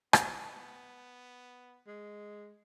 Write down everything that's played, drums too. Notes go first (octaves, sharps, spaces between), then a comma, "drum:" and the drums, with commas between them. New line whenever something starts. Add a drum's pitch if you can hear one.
B3, drum: rim click
G#3